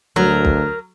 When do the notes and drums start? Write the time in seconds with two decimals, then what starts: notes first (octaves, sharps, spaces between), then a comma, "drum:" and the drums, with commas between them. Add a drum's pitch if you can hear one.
0.16 D2 F#3 A#4
0.45 drum: kick